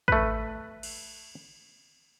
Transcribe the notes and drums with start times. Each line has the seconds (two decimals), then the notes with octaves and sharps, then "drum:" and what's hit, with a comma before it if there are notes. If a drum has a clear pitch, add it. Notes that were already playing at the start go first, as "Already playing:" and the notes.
0.08 A3 B4, drum: kick
0.83 drum: cymbal